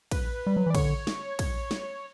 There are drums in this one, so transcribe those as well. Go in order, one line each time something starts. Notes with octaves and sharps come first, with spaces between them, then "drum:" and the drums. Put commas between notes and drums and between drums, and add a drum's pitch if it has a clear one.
B4, drum: kick, cymbal
G3
F#3
E3 D5
D3 C#5, drum: kick, cymbal
drum: snare
drum: kick, cymbal
drum: snare